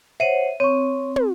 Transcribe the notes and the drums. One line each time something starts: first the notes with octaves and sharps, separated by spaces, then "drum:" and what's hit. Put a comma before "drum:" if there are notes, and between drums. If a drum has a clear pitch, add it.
C5 C#5 E5 F#5 D#7
C4 C#5 C#6
drum: tom